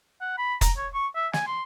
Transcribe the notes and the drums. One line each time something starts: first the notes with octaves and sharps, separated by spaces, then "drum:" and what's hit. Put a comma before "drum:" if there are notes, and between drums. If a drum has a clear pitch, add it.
F#5
B5
A#5, drum: kick, hi-hat
C#5
C#6
E5
G#5, drum: snare
C6